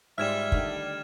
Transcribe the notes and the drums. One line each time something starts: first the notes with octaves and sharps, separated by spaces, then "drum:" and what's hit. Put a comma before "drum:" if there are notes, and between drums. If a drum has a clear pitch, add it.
G#2 G3 G#3 F4 E5 F6 G#6 E7
D3 D#3 A3, drum: kick